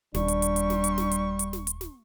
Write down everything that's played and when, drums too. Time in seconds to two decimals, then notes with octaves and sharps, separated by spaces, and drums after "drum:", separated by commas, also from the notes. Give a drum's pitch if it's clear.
0.14 D#1 G3 D4 C#6, drum: snare
0.28 drum: hi-hat
0.42 drum: hi-hat
0.56 drum: hi-hat
0.70 drum: snare
0.84 drum: hi-hat
0.98 drum: snare
1.11 drum: hi-hat
1.39 drum: hi-hat
1.53 drum: snare
1.67 drum: hi-hat
1.81 drum: snare